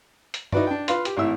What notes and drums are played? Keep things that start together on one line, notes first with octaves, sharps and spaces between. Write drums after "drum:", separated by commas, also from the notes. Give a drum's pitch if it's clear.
drum: hi-hat
D#4 E4 F#4 B4 D5, drum: tom G2
D4 G5
F4 B4 F5 C6, drum: hi-hat
G4, drum: hi-hat
G#1 A2 E3 E5 E6